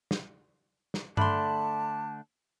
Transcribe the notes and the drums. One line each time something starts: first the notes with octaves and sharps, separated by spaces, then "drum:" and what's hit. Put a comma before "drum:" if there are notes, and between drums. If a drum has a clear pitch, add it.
drum: snare
drum: snare
D3 A3 D4 A5 B5 C6, drum: tom G2